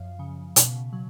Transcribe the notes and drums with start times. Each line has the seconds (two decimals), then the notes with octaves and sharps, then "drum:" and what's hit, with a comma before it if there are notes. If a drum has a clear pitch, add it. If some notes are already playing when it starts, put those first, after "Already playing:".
Already playing: F#2 F3 F5
0.19 C#3
0.56 B2, drum: hi-hat
0.93 F#3